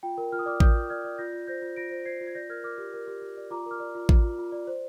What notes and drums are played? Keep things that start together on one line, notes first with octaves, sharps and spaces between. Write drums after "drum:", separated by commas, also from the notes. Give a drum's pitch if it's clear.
F4 G5
A#4
F4 F6
D#6
D5 D6 F6
A#4 D#6 G6, drum: kick A1
F4
D5 F6 G#6
D5
F4 G6 A#6
F4
C5 G6 A#6
F4
F4 A#6 D7
C5
C5 G#6 C7
F4
G#6
D5 G6 A#6
A#4 F6 G#6
A#4 D6 F6
G4
A#4
G4
G4
D5
F4 A#5 D6
A#4 D6 F6
D5
F4
F4, drum: kick A1
F4
F4
D5
C5